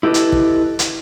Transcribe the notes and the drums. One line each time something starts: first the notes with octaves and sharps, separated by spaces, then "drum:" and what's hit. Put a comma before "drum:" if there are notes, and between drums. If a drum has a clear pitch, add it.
E4 G4 A4 B4 D#5
drum: hi-hat
drum: kick
drum: hi-hat